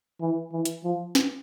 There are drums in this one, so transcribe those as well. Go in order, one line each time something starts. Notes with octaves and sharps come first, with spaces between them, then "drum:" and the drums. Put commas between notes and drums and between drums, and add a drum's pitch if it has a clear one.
E3
E3
drum: hi-hat
F3
drum: snare